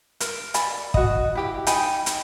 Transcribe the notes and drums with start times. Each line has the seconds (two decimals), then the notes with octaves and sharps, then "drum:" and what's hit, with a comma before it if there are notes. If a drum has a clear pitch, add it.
0.20 A#4, drum: hi-hat
0.54 D5 G#5 B5, drum: hi-hat
0.94 F#4 D#5, drum: kick
1.35 E4 G4 G5
1.67 D#4 G5 G#5 B5, drum: hi-hat
2.06 drum: hi-hat